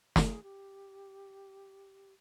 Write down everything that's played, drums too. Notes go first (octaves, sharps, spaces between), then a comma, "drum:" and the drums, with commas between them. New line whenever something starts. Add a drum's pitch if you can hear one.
G#4, drum: snare
G4